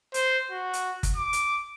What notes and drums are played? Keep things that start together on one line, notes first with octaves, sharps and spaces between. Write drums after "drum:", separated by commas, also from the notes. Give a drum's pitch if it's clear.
C5, drum: hi-hat
F#4
drum: hi-hat
drum: kick G1, hi-hat
D6
drum: hi-hat